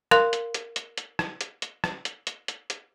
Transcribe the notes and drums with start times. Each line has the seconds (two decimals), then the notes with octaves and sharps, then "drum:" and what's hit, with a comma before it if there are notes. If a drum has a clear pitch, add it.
0.11 A#4 F5 C6 F#6, drum: rim click
0.33 drum: hi-hat
0.54 drum: hi-hat
0.76 drum: hi-hat
0.98 drum: hi-hat
1.19 drum: rim click
1.41 drum: hi-hat
1.62 drum: hi-hat
1.84 drum: rim click
2.05 drum: hi-hat
2.27 drum: hi-hat
2.48 drum: hi-hat
2.70 drum: hi-hat